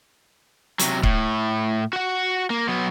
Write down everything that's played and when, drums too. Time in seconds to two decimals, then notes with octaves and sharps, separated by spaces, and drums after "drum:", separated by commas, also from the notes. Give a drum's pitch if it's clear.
0.79 C3 F#3, drum: hi-hat
1.03 A2, drum: kick C#1
1.93 F#4 F#5
2.50 A#3
2.69 F#3 B3